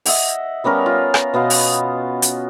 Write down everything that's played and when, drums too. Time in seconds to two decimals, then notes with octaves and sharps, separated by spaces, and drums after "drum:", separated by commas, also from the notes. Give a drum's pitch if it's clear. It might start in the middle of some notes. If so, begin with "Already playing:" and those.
0.06 D#5 E5 F#5, drum: open hi-hat
0.64 G3 B3 C#4 A#4
0.86 F4
1.14 drum: rim click
1.34 B2 B3 D#5 F5
1.50 drum: open hi-hat
2.22 drum: hi-hat